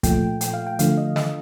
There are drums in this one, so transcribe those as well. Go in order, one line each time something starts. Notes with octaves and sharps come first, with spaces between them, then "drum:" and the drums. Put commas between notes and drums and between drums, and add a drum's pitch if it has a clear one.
A#2 F3 A3 G5, drum: kick, hi-hat
G5, drum: hi-hat
F5
G5
D3 F3 A3 F5, drum: hi-hat
D#5
D#5, drum: snare